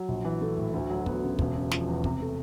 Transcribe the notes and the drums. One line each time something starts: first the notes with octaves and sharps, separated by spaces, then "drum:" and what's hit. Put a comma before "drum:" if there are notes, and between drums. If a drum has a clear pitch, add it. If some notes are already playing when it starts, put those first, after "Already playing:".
Already playing: F#3
A#1
E3
A3
A2
D2
F#3
B3, drum: kick
C#3
E1, drum: kick
C#3
F3, drum: snare
E2
C3, drum: kick
A3